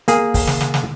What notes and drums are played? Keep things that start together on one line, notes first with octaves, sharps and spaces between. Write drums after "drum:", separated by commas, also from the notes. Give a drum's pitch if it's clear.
A#3 G#4, drum: hi-hat
drum: kick, open hi-hat
drum: snare
drum: snare
drum: snare